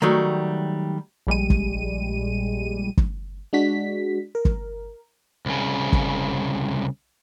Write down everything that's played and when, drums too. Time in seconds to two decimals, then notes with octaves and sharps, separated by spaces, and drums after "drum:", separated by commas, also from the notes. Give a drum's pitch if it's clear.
0.02 D#3 F#3 G3 A3
1.27 A#1 G3 G#3 D#7
1.50 drum: kick
2.97 drum: kick
3.53 G#3 D4 F#4 B6
4.35 A#4
4.45 drum: kick
5.46 C2 C#3
5.93 drum: kick